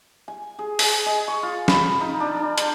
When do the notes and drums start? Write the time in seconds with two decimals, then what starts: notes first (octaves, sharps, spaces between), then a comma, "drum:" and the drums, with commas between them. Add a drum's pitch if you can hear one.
0.28 G#5
0.59 G#4
0.79 G#4, drum: open hi-hat
1.06 D#5
1.28 C#6
1.43 F4
1.68 B5, drum: snare
2.01 D#4
2.20 D4
2.37 D4
2.58 C5, drum: hi-hat